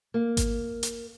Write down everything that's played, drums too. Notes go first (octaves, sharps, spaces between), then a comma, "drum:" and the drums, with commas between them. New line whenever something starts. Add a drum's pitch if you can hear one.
A#3
drum: kick G#1, hi-hat
drum: hi-hat